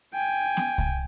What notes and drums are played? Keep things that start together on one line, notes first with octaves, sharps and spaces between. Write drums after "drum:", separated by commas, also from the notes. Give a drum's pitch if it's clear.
G5 G#5
drum: snare B3
drum: kick C2